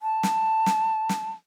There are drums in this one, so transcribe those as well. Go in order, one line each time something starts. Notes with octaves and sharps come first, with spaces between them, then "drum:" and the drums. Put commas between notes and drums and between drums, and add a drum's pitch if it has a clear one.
A5
drum: snare
drum: snare
drum: snare